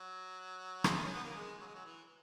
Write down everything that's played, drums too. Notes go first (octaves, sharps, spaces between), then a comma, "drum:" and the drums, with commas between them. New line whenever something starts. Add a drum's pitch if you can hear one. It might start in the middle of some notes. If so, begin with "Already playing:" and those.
Already playing: F#3
drum: rim click
D#4
C#4
B3
A#3
G#3
F#3
G#3
F#3
E3